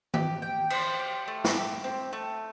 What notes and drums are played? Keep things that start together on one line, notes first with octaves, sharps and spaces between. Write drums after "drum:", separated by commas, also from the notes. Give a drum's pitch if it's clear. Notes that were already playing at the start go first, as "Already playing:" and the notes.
G4, drum: tom D#3
G5
C5, drum: cymbal
G4
A3
drum: snare
G4
C4
A3